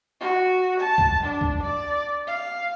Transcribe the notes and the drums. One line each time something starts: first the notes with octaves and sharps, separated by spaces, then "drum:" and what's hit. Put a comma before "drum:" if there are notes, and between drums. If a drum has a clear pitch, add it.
F#4
A5
drum: kick
D4
drum: kick
D5
F5